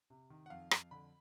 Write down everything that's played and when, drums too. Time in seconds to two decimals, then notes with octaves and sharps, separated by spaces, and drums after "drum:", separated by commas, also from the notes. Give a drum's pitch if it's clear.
0.10 C3
0.30 D#3
0.46 F#5
0.50 F2 F5
0.71 F2, drum: rim click
0.91 D3 B5